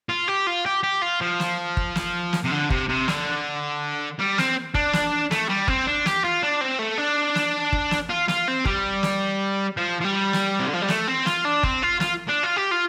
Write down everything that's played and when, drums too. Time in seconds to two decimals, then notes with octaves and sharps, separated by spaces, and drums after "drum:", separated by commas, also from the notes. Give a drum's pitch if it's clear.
0.09 F4
0.28 G4
0.47 F4
0.66 G4
0.83 G4
1.02 F4
1.21 F3
1.40 drum: snare
1.77 drum: kick G1
1.95 drum: snare
2.33 drum: snare
2.44 C3
2.51 D3
2.70 C3, drum: kick G1
2.89 C3
3.08 D3, drum: snare
4.19 G3
4.38 C4, drum: snare
4.74 D4, drum: kick G1
4.93 drum: snare
5.31 A3, drum: snare
5.49 G3
5.68 C4, drum: kick G1
5.87 D4
6.06 G4, drum: snare
6.24 F4
6.42 D4
6.61 C4
6.79 A3
6.98 D4
7.35 drum: snare
7.72 drum: kick G1
7.91 drum: snare
8.09 F4
8.28 F4, drum: snare
8.48 C4
8.65 G3, drum: kick G1
9.03 drum: snare
9.77 F3
10.01 F3
10.05 G3
10.33 drum: snare
10.60 C3
10.67 D3
10.73 F3
10.82 G3
10.88 A3, drum: snare
11.07 C4
11.26 F4, drum: snare
11.45 D4
11.63 C4, drum: kick G1
11.82 F4
12.00 F4, drum: snare
12.28 D4
12.43 F4
12.56 G4
12.71 F4